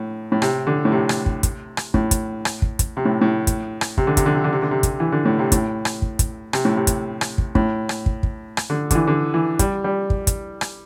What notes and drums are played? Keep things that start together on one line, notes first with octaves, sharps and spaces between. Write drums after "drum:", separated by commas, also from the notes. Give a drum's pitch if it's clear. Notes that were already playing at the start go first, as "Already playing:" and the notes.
Already playing: A2
A2
C3, drum: rim click
D3
A2
C3
drum: rim click
drum: kick
drum: kick, hi-hat
drum: rim click
A2, drum: kick
drum: kick, hi-hat
drum: rim click
drum: kick
drum: kick, hi-hat
C3
A2
A2
drum: kick, hi-hat
drum: rim click
C3, drum: kick
D3
C3, drum: kick, hi-hat
D3
C3
D3
C3
D3
C3
drum: kick, hi-hat
E3
D3
A2
C3
A2, drum: kick, hi-hat
drum: rim click
drum: kick
drum: kick, hi-hat
C3, drum: rim click
A2
C3
drum: kick, hi-hat
drum: rim click
drum: kick
A2, drum: kick
drum: rim click
drum: kick
drum: kick
drum: rim click
D3
D3, drum: kick, hi-hat
E3
D3
E3
G3, drum: kick, hi-hat
G3
drum: kick
drum: kick, hi-hat
drum: rim click